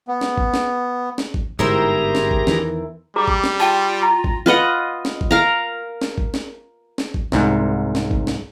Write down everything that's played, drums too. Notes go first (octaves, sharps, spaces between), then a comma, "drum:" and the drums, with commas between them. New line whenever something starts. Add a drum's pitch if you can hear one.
B3
drum: snare
drum: kick G1
drum: snare
drum: snare
drum: kick G1
G1 G#2 E4 G4 G#4 A#4 C5 A#5
drum: snare
drum: kick G1
E2 D#3 E3, drum: snare
G3 G#4 A#5 D6
drum: kick G1
drum: snare
F4 G5 A5
A#5
drum: kick G1
F4 B4 D#5 F#5
drum: snare
drum: kick G1
A#4 F5 A#5
drum: snare
drum: kick G1
drum: snare
drum: snare
drum: kick G1
C2 G#2, drum: snare
drum: snare
drum: kick G1
drum: snare